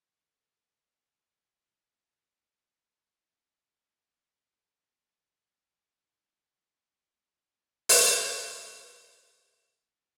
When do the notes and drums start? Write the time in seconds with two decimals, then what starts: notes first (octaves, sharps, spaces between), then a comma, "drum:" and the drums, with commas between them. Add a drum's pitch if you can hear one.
0.23 D3 A#4 B4 A#5
2.66 A3
4.72 C#3
6.06 D#4
6.36 A4
6.73 D4
7.20 D#4
7.89 drum: open hi-hat
8.65 B3 E4
9.22 C5 C#5 D#5 G#5
9.81 A#3
9.96 B3 D#4 G4 G#4 B4